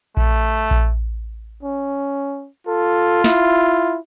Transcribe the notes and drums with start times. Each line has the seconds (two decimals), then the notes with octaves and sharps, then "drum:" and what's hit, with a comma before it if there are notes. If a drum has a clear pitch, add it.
0.17 A3, drum: kick A#1
0.71 drum: kick A#1
1.63 C#4
2.67 F4 A4
3.24 E4, drum: snare